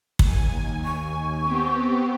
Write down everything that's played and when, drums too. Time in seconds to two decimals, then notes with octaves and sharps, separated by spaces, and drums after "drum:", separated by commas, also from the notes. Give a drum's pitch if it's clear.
0.19 D#2 G#5, drum: kick
0.85 C#6
1.44 B3 C4 G4